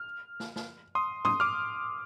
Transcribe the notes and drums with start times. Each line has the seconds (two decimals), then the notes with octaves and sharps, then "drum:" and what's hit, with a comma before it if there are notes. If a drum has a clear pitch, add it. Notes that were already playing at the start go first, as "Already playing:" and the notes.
Already playing: F6
0.40 drum: snare
0.56 drum: snare
0.95 C6 D#6
1.25 C6 D#6, drum: tom
1.40 D6 F6